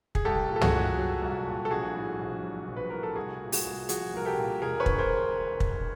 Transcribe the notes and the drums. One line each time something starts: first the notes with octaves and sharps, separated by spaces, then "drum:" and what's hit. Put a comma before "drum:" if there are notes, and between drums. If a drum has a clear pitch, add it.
G#4, drum: kick
C2 G4 A4
A#2
A4
F#4 G#4, drum: tom
C2
F#3
C2
A#2
A4
A#1 F#4 G#4
A2
A#1
F#3
A#1
B4
A2 A#4
A4
C2 F#4 G#4
A#2
F#4 G#4, drum: open hi-hat
C2
F3 F#4 G#4, drum: hi-hat
C2 A#4
G4 A4
A#2
E1 G#4 A#4
B4 C#5
D2, drum: kick
A#4 C5
drum: kick